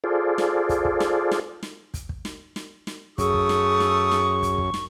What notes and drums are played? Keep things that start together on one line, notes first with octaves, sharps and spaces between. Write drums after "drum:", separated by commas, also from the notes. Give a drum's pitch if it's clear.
F4 G#4 A4 C5 D5
drum: snare
drum: kick, hi-hat
drum: kick
drum: snare
drum: snare
drum: snare
drum: kick, hi-hat
drum: kick
drum: snare
drum: snare
drum: snare
F#2 A3 G#4 C#6 D#6 E6, drum: kick, hi-hat
drum: kick
drum: snare
drum: snare
drum: snare
drum: kick, hi-hat
drum: kick
drum: snare